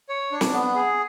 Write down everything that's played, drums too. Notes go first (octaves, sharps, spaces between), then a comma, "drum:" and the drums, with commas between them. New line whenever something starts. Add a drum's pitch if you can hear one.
C#5
D4
drum: snare
B3
G#4